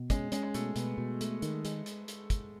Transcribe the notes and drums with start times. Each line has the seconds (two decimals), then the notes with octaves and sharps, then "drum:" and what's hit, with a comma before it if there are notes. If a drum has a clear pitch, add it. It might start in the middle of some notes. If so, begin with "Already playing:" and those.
Already playing: B2
0.10 G#3 C#4, drum: kick, hi-hat
0.32 G#3 C#4, drum: hi-hat
0.43 G#3
0.54 B2 A3, drum: hi-hat
0.76 B2 B3, drum: hi-hat
0.98 B2
1.21 A3, drum: hi-hat
1.42 D#3, drum: hi-hat
1.65 G#3, drum: hi-hat
1.86 drum: hi-hat
2.08 drum: hi-hat
2.30 drum: kick, hi-hat